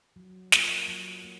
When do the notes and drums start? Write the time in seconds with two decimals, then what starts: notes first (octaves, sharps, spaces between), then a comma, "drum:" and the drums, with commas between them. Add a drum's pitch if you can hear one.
0.16 F#3
0.52 A#3 F4 A4, drum: snare
0.88 F#3
1.24 A#3